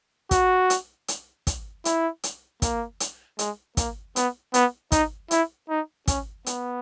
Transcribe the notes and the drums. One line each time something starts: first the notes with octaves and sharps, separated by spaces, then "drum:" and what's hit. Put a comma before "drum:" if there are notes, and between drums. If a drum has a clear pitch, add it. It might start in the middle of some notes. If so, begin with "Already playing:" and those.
F#4, drum: kick, hi-hat
drum: hi-hat
drum: hi-hat
drum: kick, hi-hat
E4, drum: hi-hat
drum: hi-hat
A#3, drum: kick, hi-hat
drum: hi-hat
G#3, drum: hi-hat
A#3, drum: kick, hi-hat
B3, drum: hi-hat
B3, drum: hi-hat
D#4, drum: kick, hi-hat
E4, drum: hi-hat
D#4
C#4, drum: kick, hi-hat
B3, drum: hi-hat